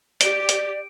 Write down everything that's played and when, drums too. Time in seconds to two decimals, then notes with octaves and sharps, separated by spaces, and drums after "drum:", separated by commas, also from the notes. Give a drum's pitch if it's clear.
0.21 G4 D5 D7, drum: hi-hat
0.49 drum: hi-hat